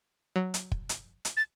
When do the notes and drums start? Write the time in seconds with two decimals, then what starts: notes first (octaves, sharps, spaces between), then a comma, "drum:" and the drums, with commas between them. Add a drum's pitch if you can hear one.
0.36 F#3
0.54 drum: hi-hat
0.72 drum: kick
0.89 drum: hi-hat
1.25 drum: hi-hat
1.37 A6